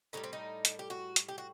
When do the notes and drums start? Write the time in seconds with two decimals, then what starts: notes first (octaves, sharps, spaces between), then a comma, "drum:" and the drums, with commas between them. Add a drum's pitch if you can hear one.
0.13 A2 E3 G3 D#4
0.24 C4
0.33 D#4
0.65 drum: hi-hat
0.79 G4
0.90 F#4
1.16 drum: hi-hat
1.28 G4
1.38 F#4